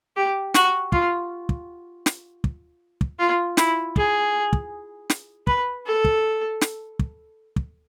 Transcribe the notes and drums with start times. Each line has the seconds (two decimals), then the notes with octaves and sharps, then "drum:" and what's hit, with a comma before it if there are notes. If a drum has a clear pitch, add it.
0.16 G4
0.54 F#4, drum: snare
0.92 F4, drum: kick
1.49 drum: kick
2.06 drum: snare
2.44 drum: kick
3.01 drum: kick
3.19 F4
3.57 E4, drum: snare
3.96 G#4, drum: kick
4.53 drum: kick
5.10 drum: snare
5.47 B4, drum: kick
5.86 A4
6.04 drum: kick
6.61 drum: snare
6.99 drum: kick
7.56 drum: kick